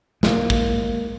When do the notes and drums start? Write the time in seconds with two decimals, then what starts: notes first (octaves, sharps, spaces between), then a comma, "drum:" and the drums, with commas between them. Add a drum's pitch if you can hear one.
0.23 G#3 A#3, drum: snare
0.50 drum: kick